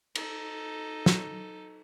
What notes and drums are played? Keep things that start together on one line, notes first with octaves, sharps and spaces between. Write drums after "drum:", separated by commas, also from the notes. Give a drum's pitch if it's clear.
D#4 A4, drum: cymbal
drum: snare